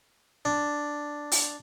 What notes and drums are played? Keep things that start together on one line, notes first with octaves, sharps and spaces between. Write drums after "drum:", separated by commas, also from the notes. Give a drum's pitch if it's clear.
D4
drum: open hi-hat